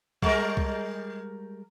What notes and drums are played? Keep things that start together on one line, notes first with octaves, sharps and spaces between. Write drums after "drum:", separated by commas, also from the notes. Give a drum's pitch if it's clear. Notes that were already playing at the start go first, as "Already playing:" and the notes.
G3 G#3 A#4, drum: kick C2
drum: kick C2